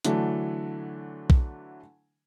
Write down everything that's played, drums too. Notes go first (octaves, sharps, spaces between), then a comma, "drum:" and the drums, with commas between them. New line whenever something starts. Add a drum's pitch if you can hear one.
D3 E3 F#3 A3 D4, drum: hi-hat
drum: kick B1